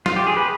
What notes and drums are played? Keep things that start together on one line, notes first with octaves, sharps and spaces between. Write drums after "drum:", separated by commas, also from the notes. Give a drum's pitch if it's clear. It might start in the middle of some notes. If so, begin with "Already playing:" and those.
F4, drum: snare
G4
G#4
B4